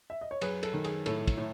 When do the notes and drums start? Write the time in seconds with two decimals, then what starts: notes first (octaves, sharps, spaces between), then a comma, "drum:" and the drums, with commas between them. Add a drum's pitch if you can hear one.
0.10 E5
0.21 D#5
0.31 C#5
0.41 F#2 G#4 B4, drum: cymbal
0.63 A4, drum: cymbal
0.73 D#3
0.84 G#4, drum: cymbal
1.06 A2 A4, drum: cymbal
1.27 drum: kick, cymbal
1.38 A2